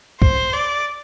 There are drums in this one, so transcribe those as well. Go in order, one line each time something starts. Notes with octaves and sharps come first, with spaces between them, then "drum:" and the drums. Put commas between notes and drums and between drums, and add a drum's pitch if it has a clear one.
C5, drum: kick C2
D5